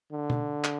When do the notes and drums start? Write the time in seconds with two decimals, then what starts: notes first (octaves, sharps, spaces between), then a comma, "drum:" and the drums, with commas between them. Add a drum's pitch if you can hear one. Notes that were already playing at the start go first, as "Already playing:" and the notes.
0.12 D3
0.30 drum: tom B2
0.64 drum: clap